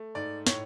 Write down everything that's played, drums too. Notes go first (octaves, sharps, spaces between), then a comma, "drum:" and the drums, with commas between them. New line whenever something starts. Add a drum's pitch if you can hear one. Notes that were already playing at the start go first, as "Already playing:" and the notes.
Already playing: A3
G#2 D5
A2 C#5, drum: snare